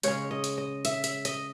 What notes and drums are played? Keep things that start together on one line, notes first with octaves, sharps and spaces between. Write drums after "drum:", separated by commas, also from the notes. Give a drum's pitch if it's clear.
C#3 G#3 C#4 C#5, drum: hi-hat
D#5
drum: hi-hat
D#5
E5, drum: hi-hat
E5, drum: hi-hat
D#5, drum: hi-hat